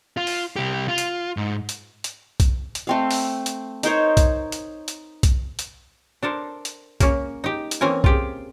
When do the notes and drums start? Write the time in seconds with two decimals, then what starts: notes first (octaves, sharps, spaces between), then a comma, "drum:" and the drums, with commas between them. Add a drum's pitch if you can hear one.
0.17 F4
0.27 drum: open hi-hat
0.56 C2 G4
0.88 F4
0.98 drum: hi-hat
1.37 G#2
1.69 drum: hi-hat
2.04 drum: hi-hat
2.40 drum: kick B1, hi-hat
2.75 drum: hi-hat
2.87 A3 C4 F5
3.11 drum: open hi-hat
3.46 drum: hi-hat
3.83 D#4 A#4 C5 C#5, drum: hi-hat
4.17 drum: kick B1, hi-hat
4.52 drum: hi-hat
4.88 drum: hi-hat
5.23 drum: kick B1, hi-hat
5.59 drum: hi-hat
6.23 D4 A4 A#4 C5
6.65 drum: hi-hat
7.00 A#3 C#4, drum: kick B1, hi-hat
7.44 D#4 G4
7.71 drum: hi-hat
7.81 E3 A#3 C4 C#4 A#4 G#5
8.04 F4 G4 G#4, drum: kick B1